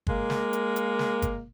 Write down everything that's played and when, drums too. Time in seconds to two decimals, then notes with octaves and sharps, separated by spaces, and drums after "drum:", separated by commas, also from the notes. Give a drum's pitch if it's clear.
0.07 G#3 A#3, drum: kick G1
0.30 drum: snare
0.53 drum: hi-hat
0.76 drum: hi-hat
0.99 drum: snare
1.22 drum: kick G1, hi-hat